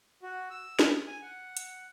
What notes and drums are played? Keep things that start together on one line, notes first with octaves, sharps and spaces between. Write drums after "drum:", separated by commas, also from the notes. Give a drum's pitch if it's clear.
F#4
E6
drum: snare
G#5
F#5
drum: hi-hat